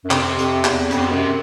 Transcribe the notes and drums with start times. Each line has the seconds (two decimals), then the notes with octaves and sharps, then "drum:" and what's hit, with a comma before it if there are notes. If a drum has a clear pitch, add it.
0.05 F#2
0.11 F2 C3, drum: clap
0.39 F2, drum: hi-hat
0.65 E2, drum: clap
0.91 F2 C#3, drum: hi-hat
0.99 C3
1.06 B2
1.11 F#2 C3